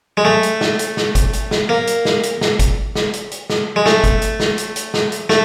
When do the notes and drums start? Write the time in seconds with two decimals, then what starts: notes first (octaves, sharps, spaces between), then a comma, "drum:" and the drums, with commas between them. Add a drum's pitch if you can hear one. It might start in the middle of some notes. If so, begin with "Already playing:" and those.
0.17 G#3
0.25 A3
0.43 drum: hi-hat
0.61 drum: snare
0.79 drum: hi-hat
0.97 drum: snare
1.15 drum: kick G1, hi-hat
1.33 drum: hi-hat
1.51 drum: snare
1.69 A#3
1.87 drum: hi-hat
2.05 drum: snare
2.23 drum: hi-hat
2.41 drum: snare
2.59 drum: kick G1, hi-hat
2.95 drum: snare
3.14 drum: hi-hat
3.32 drum: hi-hat
3.50 drum: snare
3.76 G#3
3.86 A3, drum: snare
4.04 drum: kick G1, hi-hat
4.22 drum: hi-hat
4.40 drum: snare
4.58 drum: hi-hat
4.76 drum: hi-hat
4.94 drum: snare
5.12 drum: hi-hat
5.29 A3, drum: snare